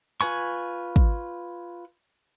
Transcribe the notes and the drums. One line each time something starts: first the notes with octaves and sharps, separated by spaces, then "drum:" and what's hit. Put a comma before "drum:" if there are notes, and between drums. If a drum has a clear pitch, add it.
F4 B4 G#5 C#6, drum: tambourine
drum: kick